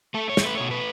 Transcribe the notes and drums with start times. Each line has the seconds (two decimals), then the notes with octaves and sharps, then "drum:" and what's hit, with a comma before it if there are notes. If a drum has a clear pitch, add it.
0.14 A3 A4
0.29 C#5
0.37 A3, drum: snare
0.46 B4
0.57 B2 C#5
0.71 B4